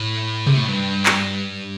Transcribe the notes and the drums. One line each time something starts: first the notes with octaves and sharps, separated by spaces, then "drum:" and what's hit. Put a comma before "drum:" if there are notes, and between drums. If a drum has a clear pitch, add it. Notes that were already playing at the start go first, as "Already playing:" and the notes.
Already playing: A2
C3, drum: tom C3
A2
G2
drum: clap